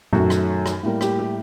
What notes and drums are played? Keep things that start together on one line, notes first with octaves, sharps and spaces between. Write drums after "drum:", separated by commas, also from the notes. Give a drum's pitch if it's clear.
F#2 D#3 F#3 A3 F#4, drum: tom A#2
drum: rim click
drum: rim click
A2 G3 A#3
G4, drum: rim click
G4